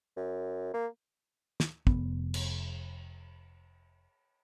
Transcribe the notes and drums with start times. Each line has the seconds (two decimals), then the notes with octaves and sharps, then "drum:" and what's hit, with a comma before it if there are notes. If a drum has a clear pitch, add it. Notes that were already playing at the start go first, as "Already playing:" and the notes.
0.17 F#2
0.74 A#3
1.60 drum: snare
1.87 F1 B3, drum: kick
2.34 drum: cymbal